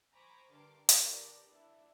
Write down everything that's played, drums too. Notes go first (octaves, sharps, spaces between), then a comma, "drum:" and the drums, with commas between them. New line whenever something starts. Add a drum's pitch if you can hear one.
C5 G#5 A#5 B5 C#6 D6
G2 D3 A#4 A5 C6 D6
D4 G4 A#4 B4 D5, drum: hi-hat
D4 E4